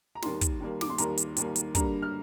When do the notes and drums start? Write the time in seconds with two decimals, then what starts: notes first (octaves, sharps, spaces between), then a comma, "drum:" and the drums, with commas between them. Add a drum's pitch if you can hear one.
0.15 A#5
0.22 D#2 D#3 G3 A#3 C6, drum: snare
0.41 drum: kick, hi-hat
0.60 D#2 D#3 G3 A#3
0.81 D6, drum: snare
0.90 C6
0.98 D#2 D#3 G3 A#3 A#5, drum: hi-hat
1.17 drum: hi-hat
1.37 D#2 D#3 G3 A#3, drum: hi-hat
1.56 drum: hi-hat
1.75 G2 D3 G3 A#3 A#5, drum: kick, hi-hat
2.02 F6